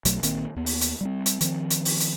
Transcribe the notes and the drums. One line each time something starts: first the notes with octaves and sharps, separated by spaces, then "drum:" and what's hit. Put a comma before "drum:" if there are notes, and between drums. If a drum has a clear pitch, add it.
B1 B2 F#3 A3, drum: hi-hat
A#1 D#3 A#3 C4, drum: hi-hat
D#2 B3
drum: open hi-hat
drum: hi-hat
G3 A#3 C4
drum: hi-hat
D#3 F3 G#3 C4, drum: hi-hat
drum: hi-hat
drum: open hi-hat
drum: hi-hat